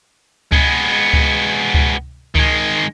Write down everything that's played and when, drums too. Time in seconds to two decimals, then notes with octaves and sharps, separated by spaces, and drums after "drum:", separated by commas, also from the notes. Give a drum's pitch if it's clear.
0.52 G#3 B3, drum: kick C#2
1.13 drum: kick C#2
1.74 drum: kick C#2
2.35 D#3 G#3, drum: kick C#2